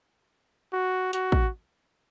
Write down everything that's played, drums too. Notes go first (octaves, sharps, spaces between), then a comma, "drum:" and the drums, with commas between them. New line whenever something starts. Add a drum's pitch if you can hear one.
F#4
F#4, drum: hi-hat
drum: kick